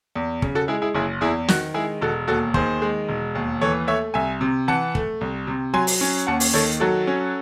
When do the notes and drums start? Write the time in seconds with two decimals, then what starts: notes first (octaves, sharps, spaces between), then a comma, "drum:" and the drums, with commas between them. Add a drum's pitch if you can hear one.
0.15 E2
0.42 C#3, drum: kick
0.55 F#4 A4
0.68 G#3 E4 G#4
0.82 E4 G#4
0.95 F#1 E4 G#4
1.21 E2 E4 G#4
1.48 D#3 F#4, drum: snare
1.74 G#3 E4 G#4
2.01 E1 F#4 A4
2.28 D#2 F#4 A4
2.54 D#3 G#4 C5, drum: kick
2.82 G#3
3.09 E1
3.35 D#2
3.61 E3 A4 C#5
3.88 A3 C#5 E5
4.14 C2 E5 G#5
4.41 C3
4.68 E3 F#5 A5
4.95 A3, drum: kick
5.21 C2
5.47 C3
5.74 F#3 G#5 C6
5.87 drum: open hi-hat
6.01 C#4
6.27 D#2 F#5 A5
6.40 drum: open hi-hat
6.53 D#3 A4 C#5
6.80 F#3 F#4 A4
7.07 C#4